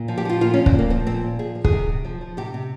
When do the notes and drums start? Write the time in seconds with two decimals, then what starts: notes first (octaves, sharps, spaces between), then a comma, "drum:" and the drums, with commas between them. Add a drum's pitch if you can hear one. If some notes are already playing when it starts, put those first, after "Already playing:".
Already playing: A#2
0.08 F3
0.18 G4
0.25 F3 F4
0.41 A#2 F4
0.54 C#4
0.58 A#2
0.66 C4, drum: kick
0.74 F3 A#3
0.90 F3 C4
1.06 A#2 C4
1.23 A#2
1.39 F3 G#4
1.55 F3
1.64 G#4, drum: kick
1.72 C3
1.89 C3
2.05 F3
2.21 F3
2.37 C3 G4
2.54 C3